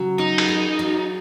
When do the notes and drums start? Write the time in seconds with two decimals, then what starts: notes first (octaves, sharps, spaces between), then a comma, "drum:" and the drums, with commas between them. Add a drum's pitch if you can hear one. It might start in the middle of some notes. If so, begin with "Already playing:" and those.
Already playing: C#3 F#3
0.18 C#4 D#4
0.38 drum: cymbal
0.49 G#4
0.79 F#3